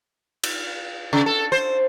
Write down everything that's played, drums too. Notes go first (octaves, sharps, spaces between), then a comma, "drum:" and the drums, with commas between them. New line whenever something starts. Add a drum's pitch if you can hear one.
drum: cymbal
C#3
A4
C5